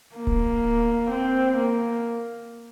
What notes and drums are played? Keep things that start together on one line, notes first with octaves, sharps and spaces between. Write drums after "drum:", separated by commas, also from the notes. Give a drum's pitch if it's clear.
A#3
drum: kick D1
C4
A#3